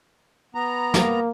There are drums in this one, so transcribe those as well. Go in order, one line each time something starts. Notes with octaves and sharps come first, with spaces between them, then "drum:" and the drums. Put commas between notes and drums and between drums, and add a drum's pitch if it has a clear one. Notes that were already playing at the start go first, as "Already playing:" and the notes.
B3 A#5
A#3, drum: snare